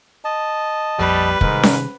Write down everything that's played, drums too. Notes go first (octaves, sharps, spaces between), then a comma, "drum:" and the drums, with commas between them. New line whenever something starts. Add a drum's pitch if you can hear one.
D#5 A5
A#1 F2 A#2 G3 B4
G#2 C3 D#3 G3 D#4 A#4, drum: kick
drum: snare C#4